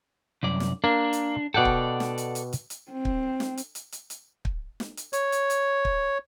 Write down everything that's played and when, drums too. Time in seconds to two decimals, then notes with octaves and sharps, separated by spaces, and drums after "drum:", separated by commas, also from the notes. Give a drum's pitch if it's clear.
0.43 C2 F#2 D5
0.60 drum: snare
0.84 A#3 D4
1.13 drum: hi-hat
1.54 B2 A4 D5 F#5 G5
1.65 drum: kick
2.00 drum: snare
2.18 drum: hi-hat
2.35 drum: hi-hat
2.53 drum: hi-hat
2.70 drum: hi-hat
2.92 C4
3.05 drum: kick
3.40 drum: snare
3.57 drum: hi-hat
3.75 drum: hi-hat
3.92 drum: hi-hat
4.10 drum: hi-hat
4.45 drum: kick
4.80 drum: snare
4.97 drum: hi-hat
5.13 C#5, drum: hi-hat
5.32 drum: hi-hat
5.50 drum: hi-hat
5.85 drum: kick